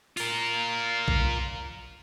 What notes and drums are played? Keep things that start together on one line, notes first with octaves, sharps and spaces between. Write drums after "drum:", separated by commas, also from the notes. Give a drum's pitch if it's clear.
F4 A#4, drum: open hi-hat
drum: kick A#1